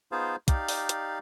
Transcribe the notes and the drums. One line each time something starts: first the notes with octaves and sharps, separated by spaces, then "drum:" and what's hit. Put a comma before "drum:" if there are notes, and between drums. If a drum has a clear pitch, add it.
B3 D#4 F4 G#4 C5 F5
D#4 G4 D5 F5, drum: kick, hi-hat
drum: open hi-hat
drum: hi-hat